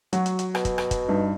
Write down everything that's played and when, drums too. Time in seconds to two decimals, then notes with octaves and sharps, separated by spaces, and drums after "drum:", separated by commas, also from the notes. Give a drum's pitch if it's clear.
0.13 F#3 F#4, drum: hi-hat
0.26 drum: hi-hat
0.39 drum: hi-hat
0.55 B2, drum: rim click
0.65 drum: kick, hi-hat
0.78 drum: rim click
0.91 drum: kick, hi-hat
1.08 G2 D#4